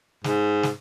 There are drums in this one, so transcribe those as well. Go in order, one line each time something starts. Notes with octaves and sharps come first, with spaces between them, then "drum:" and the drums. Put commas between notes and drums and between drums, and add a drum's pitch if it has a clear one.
G#2, drum: snare
drum: snare